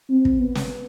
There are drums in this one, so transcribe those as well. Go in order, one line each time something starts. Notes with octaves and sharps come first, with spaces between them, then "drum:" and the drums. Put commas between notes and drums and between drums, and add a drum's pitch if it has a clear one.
C4
drum: kick
B3
drum: snare